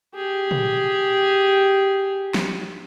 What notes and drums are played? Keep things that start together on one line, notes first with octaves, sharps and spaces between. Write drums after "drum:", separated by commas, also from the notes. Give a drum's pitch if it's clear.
G4 G#4
drum: tom
drum: snare